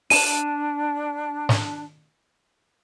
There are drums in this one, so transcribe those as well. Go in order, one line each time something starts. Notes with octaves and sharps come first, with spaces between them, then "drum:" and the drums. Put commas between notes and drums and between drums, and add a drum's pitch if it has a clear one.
D4 D#7 E7, drum: open hi-hat
drum: snare